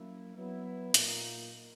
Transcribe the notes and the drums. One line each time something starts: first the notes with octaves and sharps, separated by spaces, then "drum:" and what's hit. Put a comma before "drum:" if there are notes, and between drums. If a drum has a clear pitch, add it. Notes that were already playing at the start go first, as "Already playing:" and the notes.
Already playing: F#3 A#3 C#4 E4
F#3 B3 E4
A#2 A#3 D#4, drum: hi-hat